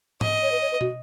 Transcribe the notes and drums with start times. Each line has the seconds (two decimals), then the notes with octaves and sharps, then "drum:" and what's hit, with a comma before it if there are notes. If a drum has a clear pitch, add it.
0.21 D#5, drum: tom G#2
0.43 C#5
0.52 B4
0.62 C#5
0.72 B4
0.81 F#4, drum: tom